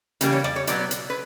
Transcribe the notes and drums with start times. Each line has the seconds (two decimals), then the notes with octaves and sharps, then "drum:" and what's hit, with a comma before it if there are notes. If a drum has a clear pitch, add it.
0.21 C#3 E3 G3 A#3, drum: hi-hat
0.32 C#5
0.44 D5, drum: rim click
0.56 C#5
0.67 B2 F#3 B3 D5, drum: hi-hat
0.91 drum: hi-hat
1.10 B4